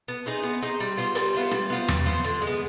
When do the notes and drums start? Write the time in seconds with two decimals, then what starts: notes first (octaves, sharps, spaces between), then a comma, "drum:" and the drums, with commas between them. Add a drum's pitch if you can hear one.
0.08 B3
0.26 D#4 G#4 C5
0.43 B3
0.62 D#4 G#4 C5
0.80 G3
0.97 B3 F4 C5
1.15 G3, drum: hi-hat
1.34 B3 F4 C5
1.51 G3, drum: rim click
1.70 B3 F4 C5
1.88 G3, drum: tom E2
2.06 B3 F4 C5
2.24 D3
2.42 G#3
2.47 B3